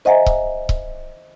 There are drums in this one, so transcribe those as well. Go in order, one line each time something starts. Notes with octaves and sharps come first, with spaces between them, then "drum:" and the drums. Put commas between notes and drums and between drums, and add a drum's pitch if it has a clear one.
C5 D#5 E5 F#5 G#5 A#5
drum: kick C#1
drum: kick C#1